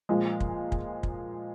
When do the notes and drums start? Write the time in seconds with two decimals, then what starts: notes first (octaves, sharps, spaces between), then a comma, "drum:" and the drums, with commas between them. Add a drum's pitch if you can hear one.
0.09 A#2 F3 G#3
0.40 drum: kick
0.72 drum: kick
1.03 drum: kick